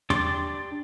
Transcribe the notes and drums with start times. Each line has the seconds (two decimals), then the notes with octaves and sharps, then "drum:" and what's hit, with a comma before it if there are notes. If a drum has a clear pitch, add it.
0.10 D4 G4 D5 C6 D6, drum: tom E2